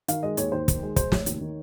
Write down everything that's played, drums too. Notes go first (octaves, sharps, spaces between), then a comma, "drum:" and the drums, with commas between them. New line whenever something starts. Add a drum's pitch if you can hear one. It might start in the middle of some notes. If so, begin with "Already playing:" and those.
D#3 F5, drum: hi-hat
G#3 D#5
D#2 C#5, drum: hi-hat
D#2 C5
D#3, drum: kick, hi-hat
G#3
G#3 C5, drum: kick, hi-hat
F1 C#5, drum: snare
D#2, drum: hi-hat
D#3